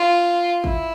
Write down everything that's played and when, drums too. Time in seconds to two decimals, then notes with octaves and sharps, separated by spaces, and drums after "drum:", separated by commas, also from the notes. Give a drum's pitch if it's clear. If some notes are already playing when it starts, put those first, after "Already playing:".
Already playing: F4
0.64 E4, drum: kick